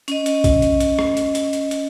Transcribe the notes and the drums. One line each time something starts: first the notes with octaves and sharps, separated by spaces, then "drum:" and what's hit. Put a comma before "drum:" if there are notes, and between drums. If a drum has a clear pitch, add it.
C#4 D#5, drum: hi-hat
drum: hi-hat
drum: kick A#1, hi-hat
drum: hi-hat
drum: hi-hat
drum: rim click
drum: hi-hat
drum: hi-hat
drum: hi-hat
drum: hi-hat